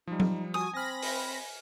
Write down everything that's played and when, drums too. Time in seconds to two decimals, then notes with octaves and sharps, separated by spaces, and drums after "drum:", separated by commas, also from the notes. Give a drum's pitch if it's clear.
0.07 F3 G3 D#4
0.20 drum: tom F#3
0.54 F#4 G#5 D#6
0.74 C4 G#5 B5 F6 A#6
1.02 drum: open hi-hat